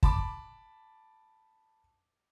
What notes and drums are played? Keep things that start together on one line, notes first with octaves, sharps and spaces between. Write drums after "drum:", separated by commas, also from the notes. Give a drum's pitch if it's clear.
A5 B5 D6, drum: kick